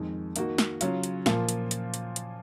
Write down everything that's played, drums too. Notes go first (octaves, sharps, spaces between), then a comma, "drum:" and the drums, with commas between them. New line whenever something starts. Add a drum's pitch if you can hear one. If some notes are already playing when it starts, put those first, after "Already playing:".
Already playing: F2 D#3 G#3 D#4
D#3 A#3 D#4 F#4, drum: hi-hat
drum: snare
C#3 F#3 C#4 F4, drum: hi-hat
drum: hi-hat
A#2 F3 A#3 F4, drum: snare
drum: hi-hat
drum: hi-hat
drum: hi-hat
drum: hi-hat